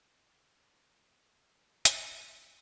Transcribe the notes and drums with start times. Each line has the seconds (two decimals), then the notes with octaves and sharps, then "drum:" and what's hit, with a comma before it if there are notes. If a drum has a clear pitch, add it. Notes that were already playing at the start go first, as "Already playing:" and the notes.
Already playing: G#3
0.50 A3
1.47 G#3
1.85 drum: hi-hat
2.12 A3